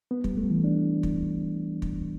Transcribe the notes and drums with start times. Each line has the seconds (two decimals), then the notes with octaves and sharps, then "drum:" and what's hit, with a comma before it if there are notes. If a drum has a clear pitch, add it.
0.11 B3
0.24 G3, drum: kick
0.37 A3
0.50 E3
0.64 D4
1.03 drum: kick
1.82 drum: kick